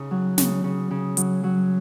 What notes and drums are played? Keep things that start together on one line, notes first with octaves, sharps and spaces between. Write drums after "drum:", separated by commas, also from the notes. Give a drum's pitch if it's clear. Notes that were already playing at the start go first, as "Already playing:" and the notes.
Already playing: C#3 D#4
F#3
C#3, drum: snare
C#3
C#3
F#3, drum: hi-hat
F#3